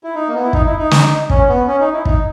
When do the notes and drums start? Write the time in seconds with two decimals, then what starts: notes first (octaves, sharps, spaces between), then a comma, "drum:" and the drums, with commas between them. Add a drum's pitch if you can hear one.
0.04 E4
0.15 D#4
0.28 A#3
0.34 B3
0.44 E4
0.53 D#4, drum: kick
0.66 E4
0.79 D#4
0.91 drum: snare
1.30 C#4, drum: kick
1.49 B3
1.67 C#4
1.80 D#4
1.93 E4
2.05 D#4, drum: kick